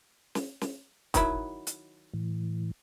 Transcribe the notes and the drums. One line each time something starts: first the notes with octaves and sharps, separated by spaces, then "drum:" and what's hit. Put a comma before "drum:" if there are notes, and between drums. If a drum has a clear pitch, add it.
drum: snare
drum: snare
D#3 F#3 E4, drum: kick, hi-hat
drum: hi-hat
A2 E3